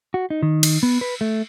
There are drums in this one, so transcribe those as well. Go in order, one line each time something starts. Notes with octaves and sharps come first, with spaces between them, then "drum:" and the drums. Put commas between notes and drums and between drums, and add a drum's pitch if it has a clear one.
F#4
D#4
D#3
drum: cymbal
B3
B4
A3